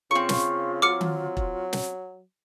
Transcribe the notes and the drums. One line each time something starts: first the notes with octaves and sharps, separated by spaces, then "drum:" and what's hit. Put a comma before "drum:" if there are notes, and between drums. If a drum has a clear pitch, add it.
C#3 C4 F4 C#6 C#7
drum: snare
F#3 D6 F6 C#7
drum: tom D#3
drum: kick E1
drum: snare